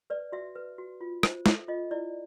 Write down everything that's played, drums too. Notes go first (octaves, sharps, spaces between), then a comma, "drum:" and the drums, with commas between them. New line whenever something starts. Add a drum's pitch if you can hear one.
B4 D5
F#4 E5
B4
F#4
F4
C5, drum: rim click
A4 E5, drum: snare
F4 D#5
E4 D5